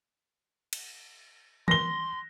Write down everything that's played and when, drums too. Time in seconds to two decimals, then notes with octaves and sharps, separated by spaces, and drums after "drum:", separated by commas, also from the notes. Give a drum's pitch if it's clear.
0.73 drum: cymbal
1.68 C6 A#6 G7, drum: tom D#3